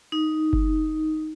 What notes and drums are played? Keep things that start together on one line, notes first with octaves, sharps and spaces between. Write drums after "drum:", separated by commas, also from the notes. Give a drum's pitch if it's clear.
D#4
drum: kick F#1